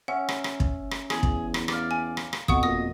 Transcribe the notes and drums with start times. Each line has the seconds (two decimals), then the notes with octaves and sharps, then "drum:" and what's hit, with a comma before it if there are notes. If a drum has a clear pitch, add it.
0.08 C#4 E5 F#5
0.29 drum: rim click
0.44 drum: rim click
0.60 drum: kick
0.91 drum: rim click
1.10 E2 G#4, drum: rim click
1.23 drum: kick
1.54 drum: rim click
1.68 D5 F5, drum: rim click
1.91 G#5
2.17 drum: rim click
2.33 drum: rim click
2.48 F2 B2 F#5 C#6 D#6, drum: kick
2.63 A#2 D#5 D#6